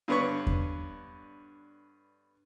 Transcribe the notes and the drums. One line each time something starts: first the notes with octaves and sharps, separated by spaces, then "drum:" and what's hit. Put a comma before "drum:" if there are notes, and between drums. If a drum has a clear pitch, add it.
G2 D3 B3 C#5 C#6
drum: kick E2